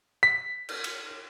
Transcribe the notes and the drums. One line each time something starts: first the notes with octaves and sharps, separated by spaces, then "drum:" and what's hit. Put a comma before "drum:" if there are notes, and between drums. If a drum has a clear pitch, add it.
B6
drum: cymbal
drum: cymbal